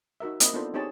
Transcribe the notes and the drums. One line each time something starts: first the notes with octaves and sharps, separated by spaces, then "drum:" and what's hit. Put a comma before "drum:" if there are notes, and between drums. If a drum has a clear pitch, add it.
D#4 F#4 A#4 E5
A#3 C4 E4 D#5 B5, drum: hi-hat
B3 D4 D#4 F4 A4 C5
C4 D#4 G4 G#4 C#5 A5